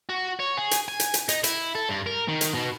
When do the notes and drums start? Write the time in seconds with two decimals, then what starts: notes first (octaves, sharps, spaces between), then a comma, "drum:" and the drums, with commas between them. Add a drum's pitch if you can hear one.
0.09 F#4
0.39 C#5
0.57 G#4
0.71 drum: hi-hat
0.88 G#5
1.00 drum: hi-hat
1.14 drum: hi-hat
1.29 D#4, drum: hi-hat
1.44 E4, drum: hi-hat
1.75 A4
1.89 G2
2.06 A#4
2.28 D#3
2.41 drum: hi-hat
2.54 B2